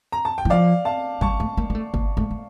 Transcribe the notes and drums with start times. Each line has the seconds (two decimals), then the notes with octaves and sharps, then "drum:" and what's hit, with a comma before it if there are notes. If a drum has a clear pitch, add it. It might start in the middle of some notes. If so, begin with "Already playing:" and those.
0.12 A#5
0.25 A5
0.38 G5
0.45 E3
0.50 F3 D5 F5
0.85 F5 A5
1.21 G3 A5 C#6, drum: kick G1
1.40 A3
1.57 A#3
1.70 A#3
1.75 A3
1.94 A#3, drum: kick G1
2.17 A3
2.31 A3